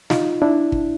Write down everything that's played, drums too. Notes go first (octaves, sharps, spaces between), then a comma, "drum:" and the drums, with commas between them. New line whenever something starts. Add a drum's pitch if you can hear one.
D#4 F4, drum: snare
D4 E4
drum: kick